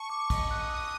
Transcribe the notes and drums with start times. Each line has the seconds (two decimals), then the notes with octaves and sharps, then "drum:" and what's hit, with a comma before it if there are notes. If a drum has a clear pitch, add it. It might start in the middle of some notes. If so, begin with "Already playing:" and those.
Already playing: A5 C#6
0.10 D6
0.30 D#6 B6, drum: kick, cymbal
0.51 F#6
0.72 F#6